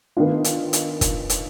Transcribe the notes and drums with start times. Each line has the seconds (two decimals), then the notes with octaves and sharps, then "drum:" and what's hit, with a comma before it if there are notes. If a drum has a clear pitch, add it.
0.17 D#3 B3 D4 F4
0.44 drum: hi-hat
0.73 drum: hi-hat
1.01 drum: kick, hi-hat
1.30 drum: hi-hat